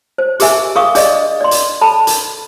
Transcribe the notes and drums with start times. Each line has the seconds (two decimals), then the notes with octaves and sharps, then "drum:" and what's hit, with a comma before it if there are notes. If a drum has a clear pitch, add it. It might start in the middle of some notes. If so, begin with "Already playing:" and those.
0.18 C5
0.40 G4 G#4 A#4 E5 G#5, drum: hi-hat
0.75 G#4 A#4 F5 C#6 D#6
0.95 D4 G#4 D5 D#5, drum: hi-hat
1.41 D5 C6
1.51 drum: hi-hat
1.81 A4 A5 B5
2.07 drum: hi-hat